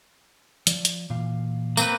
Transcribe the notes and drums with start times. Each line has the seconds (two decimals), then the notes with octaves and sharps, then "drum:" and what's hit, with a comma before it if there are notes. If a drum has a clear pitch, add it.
0.67 F3 D5, drum: hi-hat
0.85 drum: hi-hat
1.10 A#2 E3 F5
1.77 A#3 C4 B4, drum: tambourine